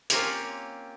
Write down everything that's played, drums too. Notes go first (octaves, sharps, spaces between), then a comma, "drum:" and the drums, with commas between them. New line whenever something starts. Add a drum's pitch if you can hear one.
A#3 C4 C#4 F4 G4 C#5, drum: hi-hat